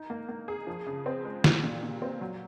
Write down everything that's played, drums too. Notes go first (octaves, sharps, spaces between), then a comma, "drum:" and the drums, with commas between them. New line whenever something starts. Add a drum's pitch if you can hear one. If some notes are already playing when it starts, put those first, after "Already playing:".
Already playing: D#4
A#3
A#3
G#4
F3
C#3
C4
G#3
G3, drum: snare
A#2
A#2
C4
F#3